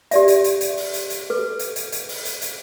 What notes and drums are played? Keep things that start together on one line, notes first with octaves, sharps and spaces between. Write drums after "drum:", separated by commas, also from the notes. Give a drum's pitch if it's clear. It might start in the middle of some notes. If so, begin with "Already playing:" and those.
G4 D5 E5, drum: hi-hat
drum: hi-hat
drum: hi-hat
drum: hi-hat
drum: open hi-hat
drum: hi-hat
drum: hi-hat
A4 B4
drum: hi-hat
drum: hi-hat
drum: hi-hat
drum: open hi-hat
drum: hi-hat
drum: hi-hat